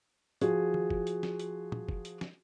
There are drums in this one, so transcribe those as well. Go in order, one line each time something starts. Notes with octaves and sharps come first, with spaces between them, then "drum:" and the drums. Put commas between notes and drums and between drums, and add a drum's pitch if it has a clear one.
F3 F#4 G#4, drum: hi-hat
drum: tom D#3
drum: kick
drum: hi-hat
drum: snare
drum: hi-hat
drum: tom
drum: kick
drum: hi-hat
drum: snare